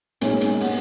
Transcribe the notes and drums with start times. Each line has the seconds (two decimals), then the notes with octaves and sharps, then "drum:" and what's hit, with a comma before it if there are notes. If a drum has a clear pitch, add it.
0.21 B1 A#2 G#3 C#4, drum: hi-hat
0.41 drum: hi-hat
0.60 B3, drum: open hi-hat